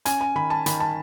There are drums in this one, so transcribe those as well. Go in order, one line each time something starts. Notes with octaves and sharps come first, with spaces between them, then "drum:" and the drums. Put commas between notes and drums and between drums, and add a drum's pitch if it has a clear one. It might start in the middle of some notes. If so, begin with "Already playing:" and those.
C#4 G#5, drum: hi-hat
G#5
D#3 B5
A5
D#3 B5, drum: hi-hat
A5